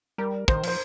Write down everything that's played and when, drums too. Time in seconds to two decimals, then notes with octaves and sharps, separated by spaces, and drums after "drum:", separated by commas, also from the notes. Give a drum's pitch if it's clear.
0.18 G3 A#4
0.48 D#3 C5, drum: kick
0.63 F3 C5, drum: cymbal